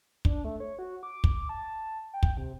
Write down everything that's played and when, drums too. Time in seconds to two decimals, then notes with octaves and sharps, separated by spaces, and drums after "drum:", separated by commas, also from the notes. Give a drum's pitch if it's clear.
0.25 D4, drum: kick
0.44 A3
0.60 C#5
0.79 F#4
1.03 D6
1.24 drum: kick
1.49 A5
2.14 G5
2.23 drum: kick
2.37 C3